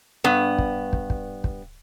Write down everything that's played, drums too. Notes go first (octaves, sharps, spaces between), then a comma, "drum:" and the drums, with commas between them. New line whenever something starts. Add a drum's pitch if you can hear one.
G2 B3
drum: kick
drum: kick
drum: kick
drum: kick